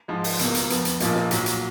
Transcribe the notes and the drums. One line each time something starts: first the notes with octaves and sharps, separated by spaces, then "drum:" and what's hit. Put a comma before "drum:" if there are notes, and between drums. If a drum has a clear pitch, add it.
G#2 F3 G#3
drum: open hi-hat
C#2 B2 A#3, drum: hi-hat
drum: hi-hat
F2 F3 B3, drum: hi-hat
drum: hi-hat
A#1 A#2 F3 A#3 D#4, drum: hi-hat
drum: snare
B1 A#2 F#3, drum: hi-hat
drum: hi-hat